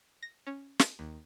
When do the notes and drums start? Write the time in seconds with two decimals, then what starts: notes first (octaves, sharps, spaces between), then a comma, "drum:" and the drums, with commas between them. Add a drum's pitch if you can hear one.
0.23 A#6
0.47 C#4
0.79 drum: snare
0.99 D#2